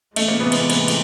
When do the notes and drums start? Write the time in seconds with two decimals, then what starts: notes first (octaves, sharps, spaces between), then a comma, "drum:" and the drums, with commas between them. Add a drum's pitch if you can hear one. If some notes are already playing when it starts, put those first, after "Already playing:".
0.16 C3 E3 G#3 A3, drum: cymbal
0.28 A#3
0.40 B3
0.52 B3, drum: cymbal
0.70 A#3, drum: cymbal
0.88 A3, drum: cymbal